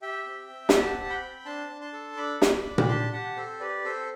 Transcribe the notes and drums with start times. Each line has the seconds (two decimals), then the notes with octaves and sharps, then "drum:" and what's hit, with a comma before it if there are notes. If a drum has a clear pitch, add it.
0.02 G4 E5 G5
0.26 C4
0.50 C4
0.69 B5, drum: snare
0.74 G4 F#5 A5
0.98 C4 A5
1.10 G5 B5
1.22 C4
1.45 D4 A5 C6
1.69 D4
1.81 A5 C6
1.93 A4
2.17 D4 B5 D6
2.42 D4, drum: snare
2.65 D4
2.78 B5, drum: tom A#2
2.88 G4 A5 C6
3.13 G4 F#5 A5
3.36 C4 A4 C5
3.60 G4 B4 D5
3.84 C4 A4 C5